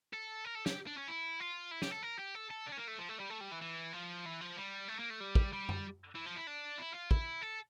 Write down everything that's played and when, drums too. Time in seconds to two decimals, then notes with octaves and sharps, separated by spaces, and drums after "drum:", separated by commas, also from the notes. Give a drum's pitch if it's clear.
0.13 A4
0.45 A#4
0.55 A4
0.66 G4, drum: snare
0.87 D4
0.97 C#4
1.08 E4
1.40 F4
1.71 E4
1.82 G4, drum: snare
1.92 A4
2.02 A#4
2.19 G4
2.35 A4
2.50 A4
2.67 D4
2.72 C#4
2.77 A#3
2.88 A3
2.99 F3
3.09 A3
3.20 G3
3.30 A3
3.41 G3
3.52 E3
3.62 E3
3.93 F3
4.26 E3
4.41 F3
4.57 G3
4.88 A3
4.99 A#3
5.10 A3
5.20 G3
5.35 drum: kick
5.52 G3
5.69 drum: tom F#2
6.15 E3
6.26 F3
6.36 E4
6.47 D4
6.79 E4
6.95 F4
7.11 E4, drum: kick
7.42 A4